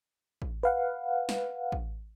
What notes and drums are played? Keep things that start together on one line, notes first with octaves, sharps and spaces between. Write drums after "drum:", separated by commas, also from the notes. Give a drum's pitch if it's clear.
drum: kick A1
B4 F5 F#5
drum: snare
drum: kick A1